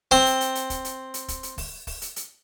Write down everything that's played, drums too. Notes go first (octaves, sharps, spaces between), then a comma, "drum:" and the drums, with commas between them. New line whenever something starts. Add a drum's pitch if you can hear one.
C4 C6, drum: kick, open hi-hat
drum: hi-hat
drum: hi-hat
drum: hi-hat
drum: kick, hi-hat
drum: hi-hat
drum: hi-hat
drum: kick, hi-hat
drum: hi-hat
drum: kick, open hi-hat
drum: kick, open hi-hat
drum: hi-hat
drum: hi-hat